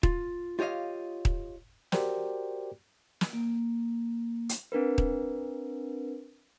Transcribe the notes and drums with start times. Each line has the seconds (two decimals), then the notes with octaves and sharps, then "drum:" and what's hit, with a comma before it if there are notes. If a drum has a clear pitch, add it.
0.03 F4, drum: kick D#1
0.59 F4 G4 C#5 D#5 F5
1.25 drum: kick D#1
1.92 F#4 G4 A#4 C5 D5 G5, drum: snare
3.21 drum: snare
3.33 A#3
4.49 drum: hi-hat
4.72 C4 D4 A#4 B4
4.98 drum: kick D#1